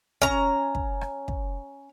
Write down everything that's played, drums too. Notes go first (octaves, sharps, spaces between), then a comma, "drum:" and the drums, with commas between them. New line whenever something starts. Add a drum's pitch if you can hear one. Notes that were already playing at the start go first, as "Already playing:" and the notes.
C#4 A#5, drum: kick
drum: kick
drum: rim click
drum: kick